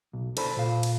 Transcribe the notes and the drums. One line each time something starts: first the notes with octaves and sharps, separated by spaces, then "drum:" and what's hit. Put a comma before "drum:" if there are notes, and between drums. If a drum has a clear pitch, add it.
B1
A4 C5 D5 A5 B5, drum: cymbal
A#2 F5
drum: cymbal